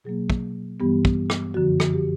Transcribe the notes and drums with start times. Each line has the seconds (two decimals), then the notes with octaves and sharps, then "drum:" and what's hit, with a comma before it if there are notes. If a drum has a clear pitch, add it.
0.04 B2 F#3 A#3 G#4
0.30 drum: kick
0.80 G2 E3 G3 B3 G4
1.05 drum: kick
1.30 drum: rim click
1.54 F#2 D3 F3 F#4
1.80 drum: rim click
1.93 G4